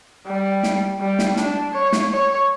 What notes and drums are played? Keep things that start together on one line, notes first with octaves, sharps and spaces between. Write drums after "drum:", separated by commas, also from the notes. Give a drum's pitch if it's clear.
G3
drum: snare
G3
drum: snare
D4, drum: snare
C#5
drum: snare
C#5